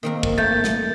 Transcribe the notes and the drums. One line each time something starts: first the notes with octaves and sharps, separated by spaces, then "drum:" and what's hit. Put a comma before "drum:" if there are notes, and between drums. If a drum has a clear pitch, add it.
D#3 A#3 C4 A#4
drum: kick
A3 G6 A6
drum: snare